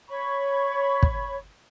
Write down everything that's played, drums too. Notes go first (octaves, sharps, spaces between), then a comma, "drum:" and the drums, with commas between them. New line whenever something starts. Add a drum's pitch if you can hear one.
C#5 B5 C#6
drum: kick